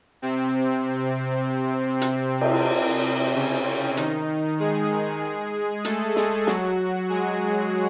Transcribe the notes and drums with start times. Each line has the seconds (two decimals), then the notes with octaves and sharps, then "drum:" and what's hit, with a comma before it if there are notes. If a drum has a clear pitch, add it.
0.22 C3 C4
2.01 drum: hi-hat
2.41 drum: cymbal
2.72 C3 C4
3.35 C#3 C#4
3.97 D#3 D#4, drum: hi-hat
4.60 G#3 G#4
5.85 A3 A4, drum: hi-hat
6.16 G#3 G#4, drum: snare
6.47 F#3 F#4, drum: snare
7.10 G#3 G#4